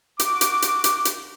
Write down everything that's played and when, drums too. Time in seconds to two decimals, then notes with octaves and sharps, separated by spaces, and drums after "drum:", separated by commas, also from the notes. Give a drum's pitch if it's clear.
0.19 F#4 D6, drum: hi-hat
0.41 drum: hi-hat
0.62 drum: hi-hat
0.84 drum: hi-hat
1.05 drum: hi-hat